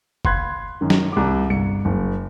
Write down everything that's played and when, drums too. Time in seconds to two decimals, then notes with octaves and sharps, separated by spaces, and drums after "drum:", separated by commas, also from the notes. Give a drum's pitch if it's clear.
0.25 F5 B5 C6 F#6 G#6, drum: kick
0.81 F#2 D#3
0.90 drum: snare
1.12 C2 D6
1.50 G1 C#7
1.85 F#1